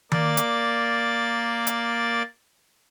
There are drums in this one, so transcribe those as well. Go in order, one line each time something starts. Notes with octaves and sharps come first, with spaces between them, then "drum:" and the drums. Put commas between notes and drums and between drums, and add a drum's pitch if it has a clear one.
A#3 D5 A6, drum: tom D#3
drum: hi-hat
drum: hi-hat